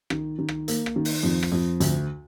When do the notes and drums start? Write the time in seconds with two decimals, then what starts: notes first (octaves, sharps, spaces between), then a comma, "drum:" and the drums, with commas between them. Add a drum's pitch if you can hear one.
0.10 D#3, drum: rim click
0.38 D#3
0.48 drum: rim click
0.68 A#3, drum: hi-hat
0.86 drum: rim click
0.96 D#3
1.05 drum: open hi-hat
1.23 F2
1.43 drum: rim click
1.52 F2
1.80 D2, drum: hi-hat